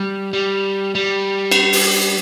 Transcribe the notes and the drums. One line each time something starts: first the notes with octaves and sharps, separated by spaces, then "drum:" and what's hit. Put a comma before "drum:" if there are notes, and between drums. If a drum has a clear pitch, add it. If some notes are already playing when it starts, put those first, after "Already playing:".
Already playing: G3
G3
G3
drum: cymbal
drum: open hi-hat